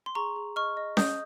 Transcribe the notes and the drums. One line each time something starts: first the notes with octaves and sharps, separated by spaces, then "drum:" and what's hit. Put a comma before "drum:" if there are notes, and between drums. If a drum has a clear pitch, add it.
C6
G#4 A#5 C#6
G#4
D#5 C#6 F6
D#5
D#5 D#6 G6, drum: snare C#4